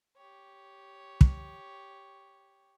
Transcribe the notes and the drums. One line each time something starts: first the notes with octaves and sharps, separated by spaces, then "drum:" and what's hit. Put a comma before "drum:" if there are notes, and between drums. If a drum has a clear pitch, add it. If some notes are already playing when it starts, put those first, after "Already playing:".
G4 C#5
drum: kick